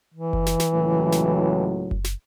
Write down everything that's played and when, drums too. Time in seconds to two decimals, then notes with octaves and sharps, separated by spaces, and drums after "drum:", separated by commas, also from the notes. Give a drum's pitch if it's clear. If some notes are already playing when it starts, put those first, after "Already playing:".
0.14 E3
0.33 drum: kick F#1
0.46 drum: snare
0.60 drum: snare
0.73 C#2 A2 F#3
1.12 drum: snare
1.91 drum: kick F#1
2.04 drum: snare